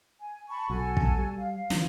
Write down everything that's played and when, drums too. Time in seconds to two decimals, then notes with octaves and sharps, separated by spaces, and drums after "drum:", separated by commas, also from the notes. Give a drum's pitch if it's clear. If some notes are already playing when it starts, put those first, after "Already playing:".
0.20 G#5
0.49 A5 B5 C#6
0.70 B1 F#4 A4 G#5
0.97 drum: kick
1.18 G3
1.38 F5
1.70 D3 E3 F3, drum: snare